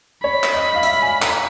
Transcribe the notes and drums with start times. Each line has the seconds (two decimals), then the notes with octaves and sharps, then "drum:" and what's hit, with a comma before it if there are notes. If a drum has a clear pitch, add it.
0.24 C#5 B5
0.43 drum: clap
0.54 D#5
0.75 F5
0.83 E5, drum: hi-hat
1.02 G#5
1.22 A#5, drum: clap